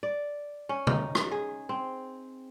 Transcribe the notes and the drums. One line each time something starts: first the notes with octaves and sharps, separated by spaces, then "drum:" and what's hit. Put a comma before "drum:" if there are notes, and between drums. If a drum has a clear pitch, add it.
D5
C#4
D#4, drum: tom C3
drum: rim click
G#4
C4